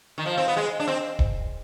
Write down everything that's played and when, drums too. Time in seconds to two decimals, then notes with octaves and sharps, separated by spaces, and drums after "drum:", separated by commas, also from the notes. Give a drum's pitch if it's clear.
0.18 D#3
0.26 F3
0.38 C4
0.48 B3
0.57 G#3
0.80 D4
0.88 C4
1.19 drum: kick D#1